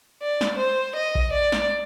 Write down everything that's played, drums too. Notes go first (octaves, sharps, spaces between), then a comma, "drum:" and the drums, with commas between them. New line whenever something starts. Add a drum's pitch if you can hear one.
D5
drum: snare
C5
D#5
drum: kick A#1
D5
drum: snare